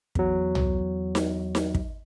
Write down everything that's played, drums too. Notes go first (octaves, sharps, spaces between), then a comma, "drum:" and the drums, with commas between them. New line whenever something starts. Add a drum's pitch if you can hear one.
E2 F#3, drum: kick
drum: tom
drum: snare D#4
drum: snare D#4
drum: kick